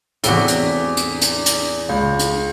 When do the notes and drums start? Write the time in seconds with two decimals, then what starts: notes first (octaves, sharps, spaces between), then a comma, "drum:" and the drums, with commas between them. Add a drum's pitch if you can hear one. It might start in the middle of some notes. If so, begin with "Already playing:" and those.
0.24 E2 A2 C3 F#4 G7, drum: hi-hat
0.48 drum: hi-hat
0.97 drum: hi-hat
1.21 drum: hi-hat
1.46 drum: hi-hat
1.89 C#2
2.19 drum: hi-hat